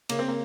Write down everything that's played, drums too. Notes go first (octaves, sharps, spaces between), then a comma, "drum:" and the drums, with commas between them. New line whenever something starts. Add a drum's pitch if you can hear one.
C#3 A#3, drum: cymbal
C4
A#3